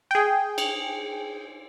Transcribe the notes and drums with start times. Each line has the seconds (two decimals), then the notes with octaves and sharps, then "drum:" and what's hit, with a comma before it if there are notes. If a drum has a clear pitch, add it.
0.11 G#4 G5
0.58 drum: cymbal